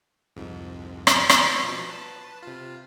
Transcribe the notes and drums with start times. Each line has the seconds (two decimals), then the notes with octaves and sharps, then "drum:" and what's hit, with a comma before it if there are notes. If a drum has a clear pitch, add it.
0.36 C2 F2 G#2
1.07 drum: rim click
1.29 drum: rim click
1.63 B2 F3
1.90 B4 A5
2.43 C3 F4